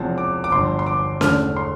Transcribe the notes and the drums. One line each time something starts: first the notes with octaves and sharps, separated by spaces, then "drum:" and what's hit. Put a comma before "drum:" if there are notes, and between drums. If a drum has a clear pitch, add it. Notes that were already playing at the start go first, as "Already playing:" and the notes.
Already playing: E1 E2 C3 F3
D6
D6
G1 G2 F3 C6
C6
D6
E1 E2 D3 A3 F6, drum: snare C#4
C6